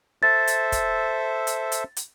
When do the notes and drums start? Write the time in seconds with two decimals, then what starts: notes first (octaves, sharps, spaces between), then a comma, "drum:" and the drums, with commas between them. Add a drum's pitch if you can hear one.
0.23 A4 C5 E5 A6
0.47 drum: hi-hat
0.72 drum: kick, hi-hat
1.47 drum: hi-hat
1.72 drum: hi-hat
1.97 drum: hi-hat